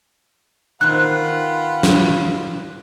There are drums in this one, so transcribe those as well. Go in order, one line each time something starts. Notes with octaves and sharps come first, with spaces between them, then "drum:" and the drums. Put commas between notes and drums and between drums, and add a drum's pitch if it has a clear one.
D#3 C4 F4 G4 B4 F#5 F#6
drum: snare